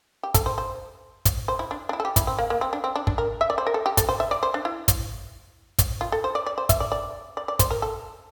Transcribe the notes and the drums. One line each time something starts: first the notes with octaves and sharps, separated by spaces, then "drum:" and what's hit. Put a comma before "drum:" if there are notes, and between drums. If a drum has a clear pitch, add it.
G4
A4, drum: kick, hi-hat
C5
C5
drum: kick, hi-hat
C5
E4
D4
D4
E4
A4
G4
E4, drum: kick, hi-hat
C4
A#3
A#3
C4
D4
C4
D4
D4, drum: kick
A#4
E5
D5
C5
A#4
A4
G4
A4, drum: kick, hi-hat
C5
E5
D5
C5
D4
E4
drum: kick, hi-hat
drum: kick, hi-hat
F4
A4
C5
D5
D5
C5
E5, drum: kick, hi-hat
D5
D5
D5
D5
C5, drum: kick, hi-hat
A#4
A4